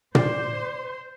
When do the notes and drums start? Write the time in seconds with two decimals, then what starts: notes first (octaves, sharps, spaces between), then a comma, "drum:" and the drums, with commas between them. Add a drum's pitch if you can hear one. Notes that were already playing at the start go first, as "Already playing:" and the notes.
0.15 C5 D5 C6, drum: tom A#2